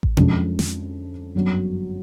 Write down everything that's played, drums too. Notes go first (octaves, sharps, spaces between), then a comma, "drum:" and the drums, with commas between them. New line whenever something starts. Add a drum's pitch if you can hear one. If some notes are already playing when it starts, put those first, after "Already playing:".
drum: kick A1
F2 D3 F3 G#3 C#4, drum: tom B2
drum: snare
G1 F#2 D3 F#3